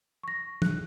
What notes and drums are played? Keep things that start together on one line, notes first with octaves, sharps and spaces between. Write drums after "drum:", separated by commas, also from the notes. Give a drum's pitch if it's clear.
C#6 A#6
F#6, drum: tom